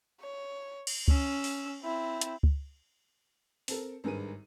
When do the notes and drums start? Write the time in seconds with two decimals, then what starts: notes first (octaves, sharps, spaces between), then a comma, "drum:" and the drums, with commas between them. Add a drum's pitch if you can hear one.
0.21 C#5
0.87 drum: cymbal
1.08 C#4 E6, drum: kick C#2
1.44 drum: open hi-hat
1.83 C4 E4
2.21 drum: hi-hat
2.43 drum: kick C#2
3.68 C4 A4 A#4, drum: open hi-hat
4.04 G#1 G2 G#4 A#4 B4 D#7